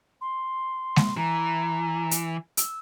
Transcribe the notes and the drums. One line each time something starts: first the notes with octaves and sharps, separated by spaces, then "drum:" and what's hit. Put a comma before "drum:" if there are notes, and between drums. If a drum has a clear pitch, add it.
C6
drum: snare G#3
E3 A#5
drum: hi-hat
E6, drum: hi-hat